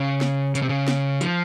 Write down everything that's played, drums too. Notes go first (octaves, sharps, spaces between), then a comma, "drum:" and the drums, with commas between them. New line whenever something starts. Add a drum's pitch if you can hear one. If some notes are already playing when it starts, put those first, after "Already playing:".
Already playing: C#3
drum: snare
C#3, drum: hi-hat
C3
C#3
drum: snare
F3, drum: hi-hat